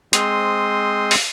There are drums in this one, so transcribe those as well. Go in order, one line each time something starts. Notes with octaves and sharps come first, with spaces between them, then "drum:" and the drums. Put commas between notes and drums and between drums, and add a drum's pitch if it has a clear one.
G#3 C4 C5 C6 D#6, drum: hi-hat
drum: open hi-hat